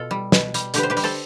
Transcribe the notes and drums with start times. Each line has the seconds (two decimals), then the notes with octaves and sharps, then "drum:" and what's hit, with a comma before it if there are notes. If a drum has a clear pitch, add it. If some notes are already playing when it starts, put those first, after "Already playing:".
Already playing: B2 F4 A4
0.11 G3
0.32 B2, drum: snare
0.54 G3, drum: hi-hat
0.74 D3 G4 B4, drum: hi-hat
0.83 C5
0.90 G4 B4
0.97 G3, drum: open hi-hat
1.04 A4 C5